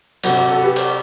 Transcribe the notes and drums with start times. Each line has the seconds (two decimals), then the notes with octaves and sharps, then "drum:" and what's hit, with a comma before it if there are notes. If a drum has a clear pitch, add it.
0.24 C3 F#3 F#4, drum: cymbal
0.37 F#4
0.50 F#4 A4
0.63 G4 B4
0.76 drum: cymbal